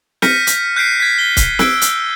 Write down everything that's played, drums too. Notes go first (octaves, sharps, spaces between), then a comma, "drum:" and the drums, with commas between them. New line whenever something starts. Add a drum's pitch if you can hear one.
F6 G6 A#6 B6 C#7 D#7, drum: snare
drum: hi-hat
F#6 G6 B6 C7 D7 D#7
G#6 B6
G7
drum: kick C#1, hi-hat
E6 F#6 G#6 D7, drum: snare
drum: hi-hat